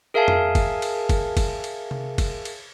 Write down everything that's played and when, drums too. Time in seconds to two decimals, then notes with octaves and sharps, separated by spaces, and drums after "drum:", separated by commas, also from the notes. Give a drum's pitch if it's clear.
0.14 G#4 A#4 E5 F5 G#5 A5
0.28 drum: tom F2
0.55 drum: kick F#1, cymbal
0.82 drum: cymbal
1.09 drum: kick F#1, cymbal
1.37 drum: kick F#1, cymbal
1.64 drum: cymbal
1.91 drum: tom C3
2.18 drum: kick F#1, cymbal
2.45 drum: cymbal